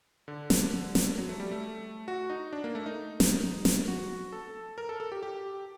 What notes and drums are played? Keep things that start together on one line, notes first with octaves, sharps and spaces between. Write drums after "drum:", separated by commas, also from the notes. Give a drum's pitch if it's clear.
D3
drum: snare
drum: snare
F#3
A3
G3
A3
F#4
D#4
D4
A#3
A3
D#4
drum: snare
drum: snare
F#4
A4
A#4
A4
A4
G4
G4